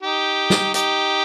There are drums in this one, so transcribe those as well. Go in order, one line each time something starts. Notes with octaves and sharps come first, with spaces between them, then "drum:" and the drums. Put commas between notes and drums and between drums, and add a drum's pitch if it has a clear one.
D#4 G4
drum: snare
D#4 G4, drum: hi-hat